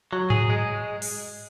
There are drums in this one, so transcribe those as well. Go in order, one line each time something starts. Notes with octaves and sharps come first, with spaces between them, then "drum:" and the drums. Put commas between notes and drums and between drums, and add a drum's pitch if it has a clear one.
F#3
G#4, drum: tom G#2
G#3
drum: open hi-hat